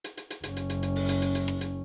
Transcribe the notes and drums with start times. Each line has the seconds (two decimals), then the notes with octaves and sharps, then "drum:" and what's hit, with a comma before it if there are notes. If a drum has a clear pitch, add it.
0.04 drum: hi-hat
0.17 drum: hi-hat
0.30 drum: hi-hat
0.43 F#1 C#4, drum: hi-hat
0.57 drum: hi-hat
0.70 drum: hi-hat
0.83 drum: hi-hat
0.96 drum: open hi-hat
1.09 drum: hi-hat
1.22 drum: hi-hat
1.35 drum: hi-hat
1.48 drum: rim click
1.61 drum: hi-hat